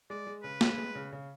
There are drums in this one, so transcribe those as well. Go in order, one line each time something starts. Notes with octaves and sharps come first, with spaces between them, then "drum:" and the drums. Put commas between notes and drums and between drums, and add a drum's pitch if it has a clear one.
G#3 D5
G#3
C#3 B4
G#3, drum: snare
G#3
C#3
C#3